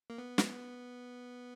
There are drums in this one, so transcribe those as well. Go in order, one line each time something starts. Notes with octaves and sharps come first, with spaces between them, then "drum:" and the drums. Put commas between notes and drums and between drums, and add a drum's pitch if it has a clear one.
A#3
B3
drum: snare